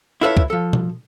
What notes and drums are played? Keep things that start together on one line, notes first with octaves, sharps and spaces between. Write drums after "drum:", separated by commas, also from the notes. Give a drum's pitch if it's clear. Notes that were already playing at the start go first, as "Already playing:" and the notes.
E4 F4 A4 B4 C#5
drum: kick
F3 A4
drum: tom B2